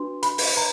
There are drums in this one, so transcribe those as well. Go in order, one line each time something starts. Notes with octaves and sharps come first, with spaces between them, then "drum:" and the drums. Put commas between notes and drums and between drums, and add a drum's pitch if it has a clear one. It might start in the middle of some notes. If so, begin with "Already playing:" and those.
Already playing: D4 F#4 B4 C6
B5, drum: hi-hat
drum: open hi-hat
B4 A#5